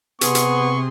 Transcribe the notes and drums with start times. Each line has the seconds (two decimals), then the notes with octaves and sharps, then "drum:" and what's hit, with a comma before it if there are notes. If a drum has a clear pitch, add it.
0.21 C3 B3 G#4 C6 C#6, drum: hi-hat
0.35 drum: hi-hat